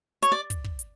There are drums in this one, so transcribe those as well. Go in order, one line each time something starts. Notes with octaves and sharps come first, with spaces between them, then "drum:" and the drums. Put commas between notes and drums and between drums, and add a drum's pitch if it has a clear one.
C#5, drum: hi-hat
D5
drum: kick, hi-hat
drum: kick
drum: hi-hat